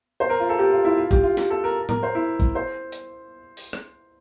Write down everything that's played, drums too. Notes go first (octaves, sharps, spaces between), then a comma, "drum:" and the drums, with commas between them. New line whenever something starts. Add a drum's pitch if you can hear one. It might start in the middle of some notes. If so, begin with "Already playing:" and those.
C5
A#4
F4
A4
G4
F4
E4
F4
G4, drum: kick G#1
F4
G4, drum: snare
A4
A#4
A#4, drum: tom A2
C5
E4
drum: kick G#1
C5
drum: hi-hat
drum: open hi-hat
drum: rim click